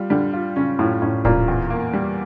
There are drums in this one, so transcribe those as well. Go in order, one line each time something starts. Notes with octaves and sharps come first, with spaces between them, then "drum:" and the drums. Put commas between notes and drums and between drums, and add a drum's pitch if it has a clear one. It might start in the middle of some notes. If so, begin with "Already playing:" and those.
Already playing: G3 F4
D3 G3
F4
C#3 C#4
A2 F4
A2 C#4
A#2 F4, drum: kick D1
E2
A#3
G3